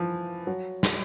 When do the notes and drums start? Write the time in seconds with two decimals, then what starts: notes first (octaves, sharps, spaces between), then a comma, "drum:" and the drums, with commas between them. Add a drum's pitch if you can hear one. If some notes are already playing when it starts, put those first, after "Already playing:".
Already playing: E3 F3
0.47 F#3
0.83 drum: snare